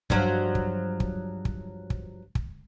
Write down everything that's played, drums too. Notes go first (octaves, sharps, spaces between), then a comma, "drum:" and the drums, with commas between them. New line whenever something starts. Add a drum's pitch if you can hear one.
G2 F3 F#3, drum: kick
drum: kick
drum: kick
drum: kick
drum: kick
drum: kick